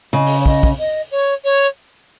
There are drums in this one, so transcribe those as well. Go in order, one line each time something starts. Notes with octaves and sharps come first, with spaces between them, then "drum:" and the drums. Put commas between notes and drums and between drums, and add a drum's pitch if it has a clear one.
C#3 D#5
drum: open hi-hat
C#5
D#5, drum: kick
drum: kick
D#5
C#5
C#5